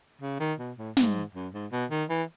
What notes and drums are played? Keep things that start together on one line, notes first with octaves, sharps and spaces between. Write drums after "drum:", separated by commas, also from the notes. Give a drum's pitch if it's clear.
C#3
D#3
B2
A2
G#2, drum: snare
F#2
G#2
B2
D#3
E3